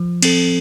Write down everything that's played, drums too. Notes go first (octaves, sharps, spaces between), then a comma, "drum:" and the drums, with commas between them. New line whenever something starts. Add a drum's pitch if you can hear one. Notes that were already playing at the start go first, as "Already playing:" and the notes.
Already playing: F3
C4 A4, drum: cymbal